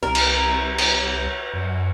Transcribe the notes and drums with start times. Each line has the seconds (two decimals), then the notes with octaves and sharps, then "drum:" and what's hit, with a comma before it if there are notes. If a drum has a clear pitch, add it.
0.03 C2 A#4
0.15 drum: cymbal
0.78 drum: cymbal
1.53 F#2